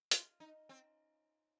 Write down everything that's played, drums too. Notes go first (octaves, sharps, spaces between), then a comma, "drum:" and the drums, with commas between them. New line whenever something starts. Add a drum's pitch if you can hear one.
F4, drum: hi-hat
D#4
C4